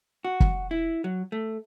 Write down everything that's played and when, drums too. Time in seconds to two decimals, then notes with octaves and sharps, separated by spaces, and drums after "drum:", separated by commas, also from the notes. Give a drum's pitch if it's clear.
0.25 F#4
0.40 drum: kick
0.71 E4
1.04 F#3
1.32 A3